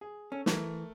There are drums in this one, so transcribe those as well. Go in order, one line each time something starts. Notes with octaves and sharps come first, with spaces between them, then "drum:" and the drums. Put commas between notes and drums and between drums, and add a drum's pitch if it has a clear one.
G#4
C#4 A4
E3 A3 A#4, drum: snare